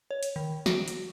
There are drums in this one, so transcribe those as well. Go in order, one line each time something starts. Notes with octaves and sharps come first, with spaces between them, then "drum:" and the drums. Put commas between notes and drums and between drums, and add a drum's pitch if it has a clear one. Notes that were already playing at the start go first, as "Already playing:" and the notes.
C#5
drum: hi-hat
D#3
F#4, drum: snare
drum: hi-hat